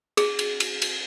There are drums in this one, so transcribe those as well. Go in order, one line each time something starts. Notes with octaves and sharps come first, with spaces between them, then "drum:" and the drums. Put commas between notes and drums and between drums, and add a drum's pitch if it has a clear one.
G#4, drum: cymbal
drum: cymbal
drum: cymbal
drum: cymbal